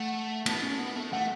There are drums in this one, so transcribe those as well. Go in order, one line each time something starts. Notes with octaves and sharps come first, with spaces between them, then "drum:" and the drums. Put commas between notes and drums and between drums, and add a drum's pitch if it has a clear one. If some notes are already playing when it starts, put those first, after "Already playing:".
Already playing: A3 F#5
B3 A5, drum: cymbal
C#4
B3
A3
A3 F#5